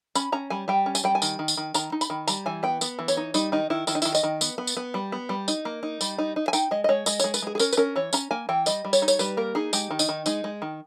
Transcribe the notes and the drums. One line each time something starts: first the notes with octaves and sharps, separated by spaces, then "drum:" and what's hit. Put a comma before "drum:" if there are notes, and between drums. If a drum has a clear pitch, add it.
C#4 B5, drum: tambourine
C#4 A#5
G3 G#5
G3 G5
C#4
G#5, drum: tambourine
G3 G5
G#5
D#3, drum: tambourine
D#3
drum: tambourine
D#3
D#3 A#5, drum: tambourine
D#4
B5, drum: tambourine
D#3
G3 A#5, drum: tambourine
E3 G#5
B3 G5
B3, drum: tambourine
E3
C#5, drum: tambourine
D#4
G3 D#4, drum: tambourine
D#3 D#4
D#3 E4
D#3 E4, drum: tambourine
D#4
D#3 E4, drum: tambourine
D#5, drum: tambourine
D#3
B3, drum: tambourine
B3
drum: tambourine
B3
G3
B3
G3
D#4, drum: tambourine
A#3
D#4
G3, drum: tambourine
D#4
D#4
G#5
D#4 G5, drum: tambourine
G#3 D#5
D#5
G#3 C#5
G#3 D#5, drum: tambourine
G#3 C#5, drum: tambourine
B4, drum: tambourine
G#3 G#4
G#4
C#4 A#4, drum: tambourine
B4, drum: tambourine
C#4 A#4
E3 C#5
C#4 A#5, drum: tambourine
A#3 G#5
E3 G5
G3 D#5, drum: tambourine
G3
C#5, drum: tambourine
D#4
C#5, drum: tambourine
G3 B4, drum: tambourine
A#3 A#4
D#4 G#4
G#3 G4, drum: tambourine
D#3
D#4, drum: tambourine
D#3
G#3 D#4, drum: tambourine
G#3
D#3